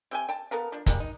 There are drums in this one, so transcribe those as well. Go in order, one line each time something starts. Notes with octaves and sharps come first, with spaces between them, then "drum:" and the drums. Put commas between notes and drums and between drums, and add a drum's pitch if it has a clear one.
C3 G5 G#5
G5 A5
B3 A4 A#4 F5
F3 D4
G3 G#3 A#3, drum: kick, hi-hat
D#4